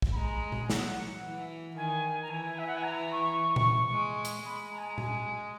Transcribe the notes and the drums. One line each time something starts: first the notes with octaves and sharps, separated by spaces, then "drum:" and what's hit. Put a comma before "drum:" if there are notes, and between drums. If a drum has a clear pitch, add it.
drum: kick
B5
G#3 A#5
drum: tom A#2
G#5
F#3 F#5, drum: snare
E3
D#3 G#5
A#5
E3 G#5
E5
F#5
G#5
A#5
C#6
drum: tom A#2
G#3
drum: hi-hat
G#3 B5
A#5
G#5
A#5
G#5, drum: tom A#2